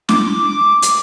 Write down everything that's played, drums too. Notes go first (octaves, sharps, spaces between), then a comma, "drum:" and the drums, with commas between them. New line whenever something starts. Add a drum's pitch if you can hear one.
D6, drum: snare
drum: hi-hat